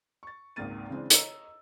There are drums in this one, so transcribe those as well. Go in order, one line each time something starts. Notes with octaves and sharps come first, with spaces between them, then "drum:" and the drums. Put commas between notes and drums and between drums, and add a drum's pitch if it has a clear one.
C#6 A6
G#1 C#2 G#2 A#3 A6 D#7
C#3 E3 G#3 C4 D4
C#5 D#5 A#5 E6, drum: hi-hat